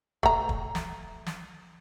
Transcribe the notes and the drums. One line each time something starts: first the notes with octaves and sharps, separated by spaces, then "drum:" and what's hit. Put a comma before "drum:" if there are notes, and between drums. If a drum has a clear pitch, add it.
A3 A#5, drum: kick
drum: kick
drum: snare
drum: snare